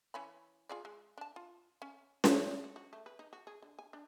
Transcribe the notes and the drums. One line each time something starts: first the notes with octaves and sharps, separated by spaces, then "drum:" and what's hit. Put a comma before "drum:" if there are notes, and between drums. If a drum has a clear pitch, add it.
E3 C#4 B5
F4 G#4 D5
G#3
D4 A5
F4
C#4
drum: snare C#4
F#4
C#3
F#4
F#4
A3
B4
D#4
F#4
G#4
D3
G#5
D4